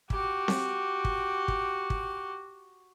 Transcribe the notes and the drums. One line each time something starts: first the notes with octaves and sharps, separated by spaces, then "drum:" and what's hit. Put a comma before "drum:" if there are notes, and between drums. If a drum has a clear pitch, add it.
F#4 G4, drum: kick
drum: snare C4
drum: kick
drum: kick
drum: kick